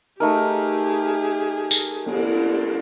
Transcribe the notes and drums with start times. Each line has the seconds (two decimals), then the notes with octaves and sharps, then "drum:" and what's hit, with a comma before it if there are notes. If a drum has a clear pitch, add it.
0.20 A3 D#4 G4 G#4 A#4
1.71 drum: tambourine
2.06 drum: cymbal